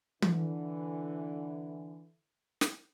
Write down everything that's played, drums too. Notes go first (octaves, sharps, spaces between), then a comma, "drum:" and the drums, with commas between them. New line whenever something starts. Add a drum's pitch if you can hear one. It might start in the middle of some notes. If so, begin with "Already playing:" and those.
D3 E3, drum: tom
drum: snare